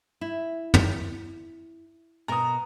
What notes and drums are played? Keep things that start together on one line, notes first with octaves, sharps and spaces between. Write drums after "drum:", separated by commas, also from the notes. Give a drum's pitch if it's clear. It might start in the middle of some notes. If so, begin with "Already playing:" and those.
E4
drum: tom
B2 A#4 A#5 D#6